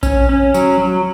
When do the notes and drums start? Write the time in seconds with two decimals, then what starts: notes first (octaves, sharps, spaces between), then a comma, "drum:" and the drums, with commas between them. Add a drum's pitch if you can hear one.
0.03 C#4, drum: kick A#1, tambourine
0.29 C#4
0.54 F#3, drum: tambourine
0.80 F#3